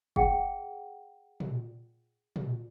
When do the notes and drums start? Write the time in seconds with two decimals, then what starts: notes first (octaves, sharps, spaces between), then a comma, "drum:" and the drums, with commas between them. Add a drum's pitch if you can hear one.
0.16 G#4 F#5 G5, drum: kick F#1
1.40 drum: tom A#2
2.36 drum: tom A#2